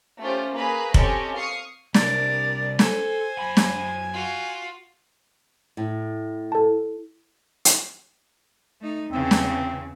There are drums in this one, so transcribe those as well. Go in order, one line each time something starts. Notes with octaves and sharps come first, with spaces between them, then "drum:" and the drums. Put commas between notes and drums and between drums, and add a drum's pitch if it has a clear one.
A3 C#4 F4 G4 C5
A#3 G#4 B4 B5
C4 C#4 G4 A4 C#5 D#5, drum: kick F1
F5 C#6 D#6 C7 C#7
C2 D4 A#4 D5, drum: snare
A4 C5 G#5, drum: snare
F#2 B5
drum: snare
F4 F#4
A2
A4 A5
drum: hi-hat
A3 D#4
E2 C#3 C4
drum: snare